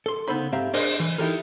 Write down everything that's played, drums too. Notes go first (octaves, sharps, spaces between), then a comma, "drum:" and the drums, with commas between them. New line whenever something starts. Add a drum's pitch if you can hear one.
A4 C6
C#3 B3 D#4 A4 C5 B5
G#2 C4 G4 E5 F5 A#5
D4 G#4 A#4 C5 D5 D#5, drum: open hi-hat
E3
D#4 E4 G4 A4 A#4